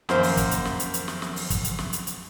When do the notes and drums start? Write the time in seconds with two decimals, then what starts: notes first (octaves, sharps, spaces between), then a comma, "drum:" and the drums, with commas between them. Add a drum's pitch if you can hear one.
0.09 F#2 D#3 F3 F#3 A#3 C5, drum: snare
0.23 drum: open hi-hat
0.37 drum: kick, hi-hat
0.51 drum: hi-hat
0.65 drum: snare
0.80 drum: hi-hat
0.94 drum: hi-hat
1.08 drum: snare
1.22 drum: snare
1.36 drum: open hi-hat
1.50 drum: kick, hi-hat
1.64 drum: hi-hat
1.79 drum: snare
1.93 drum: hi-hat
2.07 drum: hi-hat